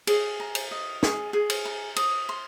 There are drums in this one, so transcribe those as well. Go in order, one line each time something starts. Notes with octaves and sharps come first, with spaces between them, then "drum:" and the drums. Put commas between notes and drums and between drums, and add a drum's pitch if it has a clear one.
G#4, drum: cymbal
A#5
drum: cymbal
D#5
G#4, drum: snare
G#4
drum: cymbal
A#5
D#6, drum: cymbal
C6